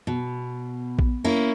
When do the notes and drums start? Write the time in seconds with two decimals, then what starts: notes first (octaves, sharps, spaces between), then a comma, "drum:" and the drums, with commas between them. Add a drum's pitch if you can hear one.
0.07 B2
0.99 drum: kick A#1
1.24 A#3 C#4 E4